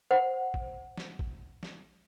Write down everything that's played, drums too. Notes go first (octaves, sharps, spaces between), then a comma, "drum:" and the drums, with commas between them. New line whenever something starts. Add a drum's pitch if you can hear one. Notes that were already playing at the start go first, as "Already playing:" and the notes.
C5 F#5
drum: kick
drum: snare
drum: kick
drum: snare